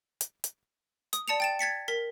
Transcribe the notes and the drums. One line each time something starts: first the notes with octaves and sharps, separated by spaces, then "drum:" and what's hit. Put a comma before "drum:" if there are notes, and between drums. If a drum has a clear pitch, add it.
drum: hi-hat
drum: hi-hat
D#6, drum: hi-hat
D5 A5 C#7 F7
G5 A6 E7
G#6 A6 B6 C#7
A#4 B6